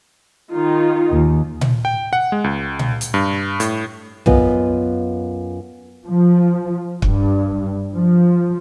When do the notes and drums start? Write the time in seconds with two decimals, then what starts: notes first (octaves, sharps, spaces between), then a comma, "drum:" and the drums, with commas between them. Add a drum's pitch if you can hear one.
0.51 D#3 D#4 F4
1.11 D#2
1.61 drum: tom A#2
1.85 G5
2.13 F#5
2.32 G#3
2.44 C#2
2.79 drum: tom A#2
3.01 drum: hi-hat
3.14 G2
3.60 A2, drum: hi-hat
4.26 F#2 B3 F4 D#5, drum: tom
6.06 F3
7.02 G2, drum: kick
7.93 F3